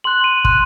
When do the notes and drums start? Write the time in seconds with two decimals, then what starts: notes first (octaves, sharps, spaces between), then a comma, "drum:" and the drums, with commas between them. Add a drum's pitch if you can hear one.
0.04 C6 F#6 F#7
0.24 D#7
0.45 C6 F#6, drum: kick